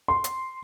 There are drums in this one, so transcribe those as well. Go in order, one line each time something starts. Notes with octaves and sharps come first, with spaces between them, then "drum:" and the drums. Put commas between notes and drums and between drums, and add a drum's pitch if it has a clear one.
C6
drum: hi-hat